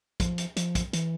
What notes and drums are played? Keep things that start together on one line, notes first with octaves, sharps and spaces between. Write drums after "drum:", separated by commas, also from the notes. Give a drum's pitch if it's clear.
F3, drum: kick, hi-hat
drum: hi-hat
F3, drum: hi-hat
drum: kick, hi-hat
E3, drum: hi-hat